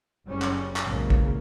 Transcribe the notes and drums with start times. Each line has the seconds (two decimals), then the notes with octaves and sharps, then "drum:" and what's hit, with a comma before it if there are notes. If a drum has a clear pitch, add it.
0.25 F#1 G3 C#4
0.42 drum: clap
0.76 drum: clap
0.85 B1 E2 G#2 C#3 A#3
1.10 drum: kick